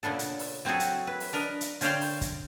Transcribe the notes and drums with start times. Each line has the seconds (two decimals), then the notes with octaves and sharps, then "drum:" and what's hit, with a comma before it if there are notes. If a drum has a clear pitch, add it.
0.03 A#2 C#3 B3 D4 A4
0.19 drum: hi-hat
0.39 drum: open hi-hat
0.65 F#3 C4 E4 F#4 G#4 A4
0.80 drum: hi-hat
1.07 B4
1.20 drum: open hi-hat
1.33 D4 A#4 B4 D#5
1.61 drum: hi-hat
1.81 D3 C#4 C5 D5 F5 G5, drum: hi-hat
2.01 drum: open hi-hat
2.21 drum: kick, hi-hat